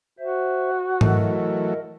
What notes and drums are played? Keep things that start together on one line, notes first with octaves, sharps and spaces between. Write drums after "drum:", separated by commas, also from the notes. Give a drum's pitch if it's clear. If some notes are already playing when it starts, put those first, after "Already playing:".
F#4 C5 E5
E3 F#3 A3 A#4 D#5, drum: tom G#2